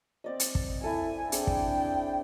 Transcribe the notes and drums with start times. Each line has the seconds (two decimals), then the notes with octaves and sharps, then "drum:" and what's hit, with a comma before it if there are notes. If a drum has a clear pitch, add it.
0.24 C4 D5 D#5
0.40 drum: hi-hat
0.55 drum: kick
0.81 E4 A4 G5 G#5
1.32 C4 D4 G#4 G5, drum: hi-hat
1.47 drum: kick